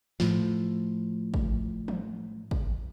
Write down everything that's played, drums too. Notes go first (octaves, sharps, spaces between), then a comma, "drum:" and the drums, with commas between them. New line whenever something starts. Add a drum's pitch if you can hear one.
A2 F3, drum: snare
drum: kick
drum: tom E3
drum: kick